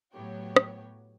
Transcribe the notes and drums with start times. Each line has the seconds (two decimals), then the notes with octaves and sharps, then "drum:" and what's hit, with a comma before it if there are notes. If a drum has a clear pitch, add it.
0.12 A2 F#3 B3 G4 C#5
0.56 drum: rim click